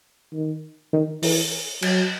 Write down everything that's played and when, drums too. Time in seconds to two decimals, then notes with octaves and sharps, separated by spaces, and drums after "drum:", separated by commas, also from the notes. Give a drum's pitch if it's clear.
0.33 D#3
0.93 D#3
1.23 E3, drum: open hi-hat
1.82 F#3, drum: cymbal